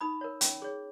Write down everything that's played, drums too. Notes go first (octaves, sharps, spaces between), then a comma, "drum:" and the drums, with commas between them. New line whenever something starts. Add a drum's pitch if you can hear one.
D#4 B5 D#6
A#4 C#5
C#4, drum: hi-hat
G#4 C#5